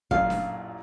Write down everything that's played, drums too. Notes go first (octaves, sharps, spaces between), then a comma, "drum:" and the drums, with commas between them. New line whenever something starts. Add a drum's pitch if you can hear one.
A1 F#2 A#2 F5, drum: kick
drum: snare D4